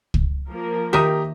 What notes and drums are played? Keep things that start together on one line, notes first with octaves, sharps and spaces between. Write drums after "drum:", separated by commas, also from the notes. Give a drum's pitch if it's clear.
drum: kick
F3 A#3 A#4
D#3 D#4 G4 E5 A#5 D#6